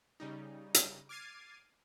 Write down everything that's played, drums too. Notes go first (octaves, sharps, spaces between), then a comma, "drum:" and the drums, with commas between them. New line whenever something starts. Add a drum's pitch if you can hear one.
C#3 G3 D#4
drum: hi-hat
D6 F6 G#6 A6 C7 D#7